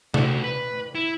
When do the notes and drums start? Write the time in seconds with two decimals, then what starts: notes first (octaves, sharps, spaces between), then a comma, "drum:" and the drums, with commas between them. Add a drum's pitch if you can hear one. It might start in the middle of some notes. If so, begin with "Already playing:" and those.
0.14 A3 F#4, drum: tom C3
0.44 B4
0.95 E4